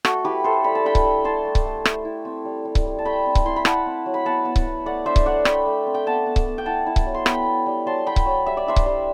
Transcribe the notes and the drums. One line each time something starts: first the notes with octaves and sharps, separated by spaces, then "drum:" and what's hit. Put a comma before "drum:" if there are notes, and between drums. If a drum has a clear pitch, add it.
A3 F#4 A4, drum: rim click
E4 G4 B4
A3 A4 C5
G3 B5
A5
D4 G5 B5
drum: kick C#1
G3
E4 A5 C6
A3
drum: kick C#1
A3
A3, drum: rim click
E4
C4
G3
G3
drum: kick C#1
G3
A5
A3 G5 B5
C4
drum: kick C#1
E4 C6
B5
E4 F#5 A5, drum: rim click
C4
F#3
B5
B3 F#5 A5
B3
drum: kick C#1
B3
A3 D5 F#5
D4 C5 E5
drum: kick C#1
A3 D5 F#5
A3 G5 B5, drum: rim click
A3
C4
G5
B3 F#5 A5
B3
drum: kick C#1
B3
G5
E4 F#5 A5
E4
drum: kick C#1
F#3
C6
B3 G5 B5, drum: rim click
B3
G3
F#3 A5 C6
F#3 G5 B5
drum: kick C#1
F#3
G3 E5
D5
D4 C5 E5
drum: kick C#1
G3